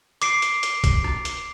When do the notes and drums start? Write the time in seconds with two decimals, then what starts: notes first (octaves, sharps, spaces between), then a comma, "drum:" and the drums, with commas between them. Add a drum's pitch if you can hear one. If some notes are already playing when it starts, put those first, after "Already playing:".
0.22 D6 C7 D7, drum: hi-hat
0.42 drum: hi-hat
0.63 drum: hi-hat
0.84 drum: kick, hi-hat
1.04 drum: rim click
1.25 drum: hi-hat